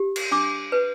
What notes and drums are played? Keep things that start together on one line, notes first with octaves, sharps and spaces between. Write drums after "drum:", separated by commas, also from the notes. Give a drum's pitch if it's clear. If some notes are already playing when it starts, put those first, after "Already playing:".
Already playing: G4
drum: cymbal
D4 D6
B4